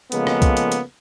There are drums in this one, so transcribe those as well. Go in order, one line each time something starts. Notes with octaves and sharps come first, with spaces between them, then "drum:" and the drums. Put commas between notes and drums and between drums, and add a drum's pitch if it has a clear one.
C#3 F3 G#3 A#3 B3 A4, drum: hi-hat
drum: rim click
drum: kick B1, hi-hat
drum: hi-hat
drum: hi-hat